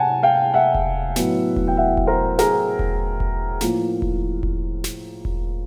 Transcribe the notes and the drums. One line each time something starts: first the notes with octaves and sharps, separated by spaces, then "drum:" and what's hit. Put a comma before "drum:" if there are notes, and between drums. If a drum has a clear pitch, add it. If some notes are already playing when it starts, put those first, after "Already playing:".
Already playing: C3 F#5 G#5 A5
F5 G5
E5 F#5
drum: kick E1
A2 F#3 B3, drum: snare
drum: kick E1
G5
E5 F#5
drum: kick E1
A#4 C5
G#4 A#4, drum: snare
drum: kick E1
drum: kick E1
A2 F3 A#3, drum: snare
drum: kick E1
drum: kick E1
drum: snare
drum: kick E1